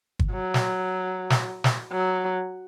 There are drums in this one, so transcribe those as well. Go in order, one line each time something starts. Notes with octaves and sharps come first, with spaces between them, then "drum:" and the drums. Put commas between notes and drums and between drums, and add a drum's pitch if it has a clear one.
drum: kick
F#3
drum: snare
drum: snare
drum: snare
F#3